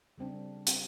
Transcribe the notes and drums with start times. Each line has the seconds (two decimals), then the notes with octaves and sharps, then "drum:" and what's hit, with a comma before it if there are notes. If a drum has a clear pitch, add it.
0.18 C#3 G3 C4 D4
0.67 C4 G4, drum: hi-hat